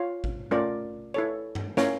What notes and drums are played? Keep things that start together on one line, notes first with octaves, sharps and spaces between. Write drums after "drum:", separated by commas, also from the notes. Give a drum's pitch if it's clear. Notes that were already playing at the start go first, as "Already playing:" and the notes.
Already playing: F4 C#5 F5
drum: kick A1
A3 C#4 F4 A#4 D5
E4 A4 C#5
drum: tom G2
C#4 E4 A#4 C#5 F5, drum: snare